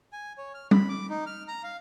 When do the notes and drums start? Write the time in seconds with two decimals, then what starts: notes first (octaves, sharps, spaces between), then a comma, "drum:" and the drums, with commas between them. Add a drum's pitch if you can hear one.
0.13 G#5
0.38 C#5
0.54 F6
0.71 B5, drum: tom
0.89 D6
1.10 D#4
1.26 F6
1.48 A#5
1.63 F5